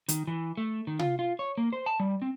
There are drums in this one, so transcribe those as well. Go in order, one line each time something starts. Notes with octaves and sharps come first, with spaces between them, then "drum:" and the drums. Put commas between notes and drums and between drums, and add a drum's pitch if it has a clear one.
D#3, drum: hi-hat
E3
A3
D#3
F4, drum: tom C3
F4
C#5
A#3
C5
A5
G3
C4